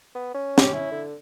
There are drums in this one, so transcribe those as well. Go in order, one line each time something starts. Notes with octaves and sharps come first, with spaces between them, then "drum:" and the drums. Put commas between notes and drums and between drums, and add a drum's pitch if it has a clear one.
B3
C#4
G4, drum: snare
E4
D3